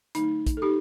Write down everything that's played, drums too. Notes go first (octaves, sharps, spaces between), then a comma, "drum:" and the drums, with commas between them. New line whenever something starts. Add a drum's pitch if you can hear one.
D3 F#3 A3 D#4, drum: hi-hat
drum: kick, hi-hat
A4
D#4 G4